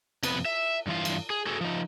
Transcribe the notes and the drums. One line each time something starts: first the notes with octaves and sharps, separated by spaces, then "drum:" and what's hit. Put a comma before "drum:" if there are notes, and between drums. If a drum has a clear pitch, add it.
F2 C3 B3 B4, drum: cymbal
E5
G2 E3 F4 F5
drum: cymbal
G#4
F#4 G#4 A4
F3 D#4